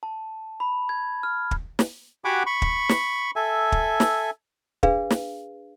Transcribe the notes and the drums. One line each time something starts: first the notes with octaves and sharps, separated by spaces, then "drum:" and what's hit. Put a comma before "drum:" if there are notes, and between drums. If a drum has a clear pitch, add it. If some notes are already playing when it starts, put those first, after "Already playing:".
A5
B5
G#6
F6
drum: kick
drum: snare
F#4 G4 F#5 G#5 B5 D6
B5 C#6
drum: kick
drum: snare
A4 E5 G#5
drum: kick
drum: snare
D4 G#4 B4 F5, drum: kick
drum: snare